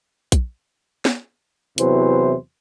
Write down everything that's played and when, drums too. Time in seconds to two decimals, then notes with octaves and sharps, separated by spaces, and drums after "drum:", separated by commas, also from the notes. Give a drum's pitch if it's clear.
0.32 drum: kick A#1, hi-hat
1.05 drum: snare
1.78 E2 C3 E3 F#3 C5, drum: hi-hat